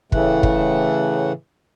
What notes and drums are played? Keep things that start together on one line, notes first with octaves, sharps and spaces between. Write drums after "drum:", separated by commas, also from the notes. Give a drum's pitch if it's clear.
A2 C#3 E3 A3 F#5, drum: kick
drum: kick